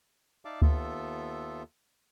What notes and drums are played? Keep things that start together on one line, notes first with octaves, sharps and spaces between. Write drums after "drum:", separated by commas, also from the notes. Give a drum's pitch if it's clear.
D#4 D5 E5 F5 A5 D6
D#2 B3 F4 A4 E5, drum: kick D2